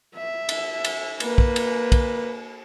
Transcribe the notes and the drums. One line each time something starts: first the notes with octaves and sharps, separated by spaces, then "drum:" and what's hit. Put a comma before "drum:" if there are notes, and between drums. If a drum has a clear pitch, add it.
E5
drum: cymbal
drum: cymbal
A#3 B4, drum: cymbal
drum: kick
drum: cymbal
drum: kick, cymbal